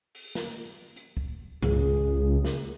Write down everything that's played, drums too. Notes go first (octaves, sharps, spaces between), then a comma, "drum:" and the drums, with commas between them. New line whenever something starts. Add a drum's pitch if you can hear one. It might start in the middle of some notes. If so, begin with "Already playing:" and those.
drum: open hi-hat
drum: snare
drum: hi-hat
drum: kick
C#2 G#4, drum: tom G2
drum: snare